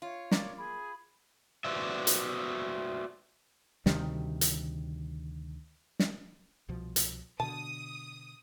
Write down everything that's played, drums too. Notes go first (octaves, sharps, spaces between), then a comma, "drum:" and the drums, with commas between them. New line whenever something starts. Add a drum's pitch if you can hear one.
F4 C#5
A#3 D5, drum: snare
G#4 B5
F#4 B4 C5 D5 E5
drum: hi-hat
D2 C3 D#3 G3, drum: snare
drum: hi-hat
drum: snare
C2 B2 F3
drum: hi-hat
B2 D3 A5 D#6